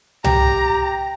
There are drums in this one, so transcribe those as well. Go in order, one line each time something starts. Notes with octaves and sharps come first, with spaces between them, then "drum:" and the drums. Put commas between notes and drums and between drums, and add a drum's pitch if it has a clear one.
G4 A#5, drum: tom C2